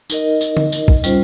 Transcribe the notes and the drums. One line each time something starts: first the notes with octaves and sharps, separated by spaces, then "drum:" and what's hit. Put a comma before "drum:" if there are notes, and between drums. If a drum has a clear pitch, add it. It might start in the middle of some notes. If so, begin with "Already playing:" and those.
D#4 A#4 D#5, drum: tambourine
drum: tambourine
drum: tom D3
drum: tambourine
drum: kick
G3 C#4 F4 C5, drum: tambourine